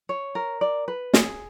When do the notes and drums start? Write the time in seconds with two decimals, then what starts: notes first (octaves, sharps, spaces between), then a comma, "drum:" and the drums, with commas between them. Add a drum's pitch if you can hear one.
0.09 C#5
0.35 A#4
0.61 D5
0.88 B4
1.13 G#4, drum: snare